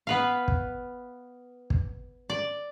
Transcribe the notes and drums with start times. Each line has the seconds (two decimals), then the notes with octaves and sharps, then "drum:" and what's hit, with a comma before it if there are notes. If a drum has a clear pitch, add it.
0.07 B3 B4 F5
0.48 drum: kick
1.70 drum: kick
2.30 D5